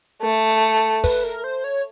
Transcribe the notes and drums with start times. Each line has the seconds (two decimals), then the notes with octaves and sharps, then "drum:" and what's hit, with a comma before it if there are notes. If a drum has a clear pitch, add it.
0.22 A3
0.50 drum: hi-hat
0.77 drum: hi-hat
1.04 B4, drum: kick, open hi-hat
1.24 A#4
1.44 C5
1.64 C#5